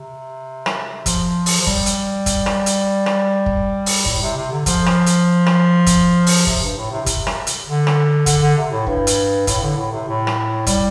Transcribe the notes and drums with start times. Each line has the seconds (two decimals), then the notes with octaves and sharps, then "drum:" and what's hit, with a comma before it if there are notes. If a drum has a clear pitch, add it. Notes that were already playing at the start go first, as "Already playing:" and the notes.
Already playing: C3
0.66 drum: rim click
1.06 F3, drum: kick, hi-hat
1.46 drum: open hi-hat
1.61 F3
1.67 G3, drum: kick
1.86 drum: hi-hat
2.26 drum: kick, hi-hat
2.46 drum: rim click
2.66 drum: hi-hat
3.06 drum: rim click
3.46 drum: kick
3.86 drum: open hi-hat
4.06 A2, drum: kick
4.22 C3
4.37 C3
4.52 D3
4.66 F3, drum: kick, hi-hat
4.86 drum: rim click
5.06 drum: hi-hat
5.46 drum: rim click
5.86 drum: kick, hi-hat
6.27 drum: open hi-hat
6.47 C3, drum: kick
6.62 G2
6.77 A2
6.91 C3
7.06 C3, drum: kick, hi-hat
7.27 drum: rim click
7.47 drum: hi-hat
7.66 D3
7.87 drum: rim click
8.26 D3, drum: kick, hi-hat
8.42 D3
8.57 C3
8.71 A2
8.87 G2, drum: kick
9.07 drum: hi-hat
9.47 A2, drum: kick, hi-hat
9.62 D3
9.77 A2
9.92 C3
10.08 A2
10.27 drum: rim click
10.67 G3, drum: kick, hi-hat